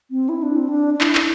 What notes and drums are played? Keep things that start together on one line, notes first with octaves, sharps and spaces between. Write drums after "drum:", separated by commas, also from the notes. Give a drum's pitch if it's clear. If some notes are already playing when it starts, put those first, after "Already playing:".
C4
E4
D4
C4
D4
D4
E4, drum: clap
drum: clap